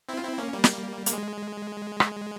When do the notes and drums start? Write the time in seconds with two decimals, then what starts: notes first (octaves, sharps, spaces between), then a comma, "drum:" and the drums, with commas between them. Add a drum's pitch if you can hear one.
0.09 C4 E4
0.17 F4
0.23 C4 E4
0.38 A#3 C#4
0.53 G3 A#3
0.64 drum: snare
1.06 A#3, drum: hi-hat
1.13 G#3
2.00 drum: rim click